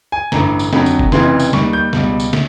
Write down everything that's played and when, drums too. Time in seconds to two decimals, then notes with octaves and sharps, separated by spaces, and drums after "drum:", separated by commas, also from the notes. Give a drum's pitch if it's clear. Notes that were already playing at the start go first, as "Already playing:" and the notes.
0.12 G#5
0.32 A1 G2 D3 A#5, drum: snare
0.59 drum: tambourine
0.73 F2 D3 F#3 B5, drum: snare
0.86 drum: tambourine
0.99 drum: kick F#1
1.12 F1 F2 C#3 E3 C6, drum: snare
1.39 drum: tambourine
1.53 D#2 D#3 G3 C#6, drum: snare
1.73 G6
1.93 C#2 B2 G3, drum: snare
2.20 drum: tambourine
2.33 drum: snare